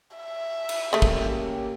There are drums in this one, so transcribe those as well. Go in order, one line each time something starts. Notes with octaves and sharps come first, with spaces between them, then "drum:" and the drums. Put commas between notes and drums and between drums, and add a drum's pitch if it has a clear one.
E5
drum: cymbal
C#3 A3 A#3 C#4 G4
drum: kick